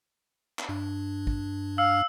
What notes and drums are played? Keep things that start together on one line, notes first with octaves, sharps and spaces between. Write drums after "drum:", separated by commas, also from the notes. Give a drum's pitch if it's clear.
drum: clap
G2 D4
drum: kick
F5 E6